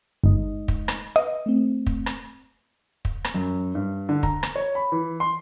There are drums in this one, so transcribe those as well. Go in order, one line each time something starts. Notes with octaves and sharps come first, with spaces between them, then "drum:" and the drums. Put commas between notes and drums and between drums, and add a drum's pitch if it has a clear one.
G1 G#3 D#4 D#5
drum: kick
drum: rim click
B4 D#5
A3 C4
drum: kick
drum: rim click
drum: kick
drum: rim click
F#2
G2
D3
A#5, drum: kick
drum: rim click
C#5
B5
E3
C6